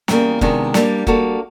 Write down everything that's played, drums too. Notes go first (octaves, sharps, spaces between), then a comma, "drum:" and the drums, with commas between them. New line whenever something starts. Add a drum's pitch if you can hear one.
E2 C#3 E3 G3 A#3, drum: snare
C3 D#3 G#3 B3 D4, drum: kick
G3 A#3 D4, drum: snare
G3 A#3 D4 F#4 A4, drum: kick